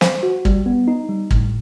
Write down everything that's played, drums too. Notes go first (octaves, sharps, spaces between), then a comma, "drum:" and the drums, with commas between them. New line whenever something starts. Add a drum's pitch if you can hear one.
C5, drum: snare
F#4
G3, drum: kick
B3
D#4
G3
A2, drum: kick